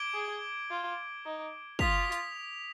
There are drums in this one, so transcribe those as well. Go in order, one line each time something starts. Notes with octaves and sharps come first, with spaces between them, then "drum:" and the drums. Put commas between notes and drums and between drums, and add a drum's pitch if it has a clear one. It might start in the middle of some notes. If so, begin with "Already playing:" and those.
Already playing: D6 G#6 D7 G7
G#4
F4
D#4
F4 D#6 B6 F7, drum: kick
drum: hi-hat